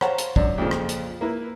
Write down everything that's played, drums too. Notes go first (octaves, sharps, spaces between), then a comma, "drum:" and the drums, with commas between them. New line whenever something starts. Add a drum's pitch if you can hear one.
C5 C#5 F5 F#5 A5 A#5, drum: rim click
drum: hi-hat
F#2 D4, drum: kick
F2 A#2 C#3 F3
drum: rim click
drum: hi-hat
A#3 E4 B4